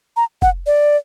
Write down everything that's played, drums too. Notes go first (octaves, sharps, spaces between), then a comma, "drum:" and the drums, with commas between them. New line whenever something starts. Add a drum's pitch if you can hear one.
A#5
F#5, drum: kick
D5